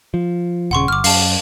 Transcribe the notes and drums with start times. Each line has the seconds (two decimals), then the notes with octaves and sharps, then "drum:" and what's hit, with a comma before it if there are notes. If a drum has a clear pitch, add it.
0.14 F3
0.71 D#1 C#3 F#5 C6 C#6
0.88 G1 D6 F6
1.04 F#2 F5 A5, drum: open hi-hat